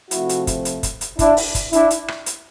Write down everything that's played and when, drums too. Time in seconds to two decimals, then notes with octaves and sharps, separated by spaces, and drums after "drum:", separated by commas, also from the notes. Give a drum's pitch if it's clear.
0.11 C3 F3 A3 C4 E4 F#4, drum: hi-hat
0.29 drum: hi-hat
0.47 drum: kick, hi-hat
0.65 drum: hi-hat
0.83 drum: kick, hi-hat
1.01 drum: hi-hat
1.19 D4 E4, drum: kick, hi-hat
1.37 drum: open hi-hat
1.55 drum: kick, hi-hat
1.73 D4 E4, drum: hi-hat
1.90 drum: hi-hat
2.08 drum: rim click
2.26 drum: hi-hat